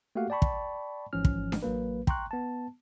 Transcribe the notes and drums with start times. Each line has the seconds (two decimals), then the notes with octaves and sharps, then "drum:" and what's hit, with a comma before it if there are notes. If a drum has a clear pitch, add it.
0.16 A3 A#3 F#4 G4 F5 F#5
0.30 D5 G5 A5 B5 C#6
0.42 drum: kick
1.13 G#1 G#2 E3 F3 C#4 F6
1.25 drum: kick
1.52 drum: snare D4
1.63 A1 F#3 A#3 B4
2.07 G5 A#5 C6 C#6 F#6, drum: kick
2.31 B3 A5